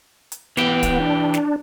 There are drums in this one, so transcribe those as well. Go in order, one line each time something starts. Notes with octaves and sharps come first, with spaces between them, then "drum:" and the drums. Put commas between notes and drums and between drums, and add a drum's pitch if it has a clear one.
drum: hi-hat
E3 B3 G4, drum: snare
drum: kick, hi-hat
D4
drum: snare